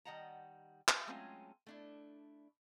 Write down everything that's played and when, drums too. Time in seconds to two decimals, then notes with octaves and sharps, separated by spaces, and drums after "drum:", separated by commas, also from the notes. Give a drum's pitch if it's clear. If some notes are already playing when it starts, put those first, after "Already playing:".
0.05 D#3 G3 D#5 F#5 A5 A#5
0.88 drum: clap
1.07 F#3 G#3 A3 C4 C#4 F4
1.66 A3 D4 E4